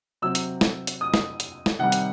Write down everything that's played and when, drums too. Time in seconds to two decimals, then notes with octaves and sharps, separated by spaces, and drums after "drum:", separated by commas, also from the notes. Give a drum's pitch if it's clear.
0.22 C3 F#3 C4 E6
0.35 drum: hi-hat
0.61 drum: snare
0.87 drum: hi-hat
1.01 D#6
1.14 drum: snare
1.40 drum: hi-hat
1.66 drum: snare
1.79 C3 D#3 G3 F#5
1.92 drum: hi-hat